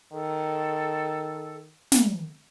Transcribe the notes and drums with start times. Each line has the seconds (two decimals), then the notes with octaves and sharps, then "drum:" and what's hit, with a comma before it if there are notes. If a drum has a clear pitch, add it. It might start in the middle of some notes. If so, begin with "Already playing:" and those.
0.13 D#3 A4
1.92 drum: snare